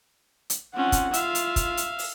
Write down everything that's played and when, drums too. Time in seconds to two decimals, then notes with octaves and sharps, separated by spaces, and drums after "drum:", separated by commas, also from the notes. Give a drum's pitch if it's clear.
0.50 drum: hi-hat
0.76 C4 C#4 F4 F#5
0.92 drum: kick, hi-hat
1.13 F4 E5 F5, drum: hi-hat
1.35 drum: hi-hat
1.56 drum: kick, hi-hat
1.77 drum: hi-hat
1.99 drum: open hi-hat